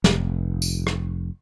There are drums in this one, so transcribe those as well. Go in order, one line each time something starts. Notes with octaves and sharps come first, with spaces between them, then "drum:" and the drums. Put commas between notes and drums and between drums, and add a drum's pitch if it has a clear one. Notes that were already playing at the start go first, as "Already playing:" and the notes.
F1, drum: snare
drum: tambourine
drum: rim click